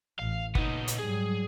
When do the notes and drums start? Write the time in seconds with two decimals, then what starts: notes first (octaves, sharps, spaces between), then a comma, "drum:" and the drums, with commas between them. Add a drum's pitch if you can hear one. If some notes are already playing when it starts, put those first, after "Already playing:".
0.19 A1 F5
0.55 A#2 C#3 B3 D#4, drum: kick G1
0.88 drum: hi-hat
0.99 G#2 F#3 G3 G#4